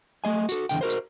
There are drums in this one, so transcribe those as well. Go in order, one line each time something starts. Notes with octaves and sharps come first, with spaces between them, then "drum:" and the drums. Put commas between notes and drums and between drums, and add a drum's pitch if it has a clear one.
A3 D#5 G#5
F#4 A4, drum: tambourine
E2 A#2 D3 G5, drum: tambourine
F#4 A#4 C5
drum: tambourine